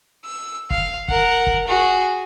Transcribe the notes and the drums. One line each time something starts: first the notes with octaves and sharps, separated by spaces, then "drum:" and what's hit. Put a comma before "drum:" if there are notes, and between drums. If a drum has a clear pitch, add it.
E6
F5, drum: kick
A#4 F#5, drum: kick
drum: kick
F#4 G#4